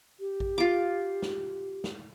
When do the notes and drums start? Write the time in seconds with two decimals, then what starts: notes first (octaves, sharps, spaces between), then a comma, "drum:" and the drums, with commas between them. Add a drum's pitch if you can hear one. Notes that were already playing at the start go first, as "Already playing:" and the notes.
0.20 G4
0.40 drum: kick A1
0.58 F4 D6
1.22 drum: snare
1.84 drum: snare